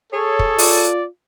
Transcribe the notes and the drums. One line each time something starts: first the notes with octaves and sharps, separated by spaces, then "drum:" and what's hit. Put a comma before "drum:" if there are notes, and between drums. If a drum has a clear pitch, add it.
G#4 A4 C#5
drum: kick
F4 D5, drum: open hi-hat